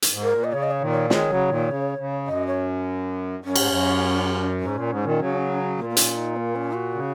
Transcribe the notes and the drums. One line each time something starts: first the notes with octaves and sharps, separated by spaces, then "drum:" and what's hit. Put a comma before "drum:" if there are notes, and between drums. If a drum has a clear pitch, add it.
drum: hi-hat
G#2
A#4
A#2
D#5
C#3 C#5
D#5
C#5
A#2 D#3
C#5
D#3 G#3 C#5, drum: snare
C#3 F#3
A#2 D#3
C#3
C#3
F#2 D#5
C#5
F#2 C#4
G#2, drum: cymbal
F#2
G#2 C#4
A#2
G#2
A#2 D#3
C#3 F#3
A#2 A#3
A#3
C#4, drum: hi-hat
D#4
A#3
C#4
F#4
C#3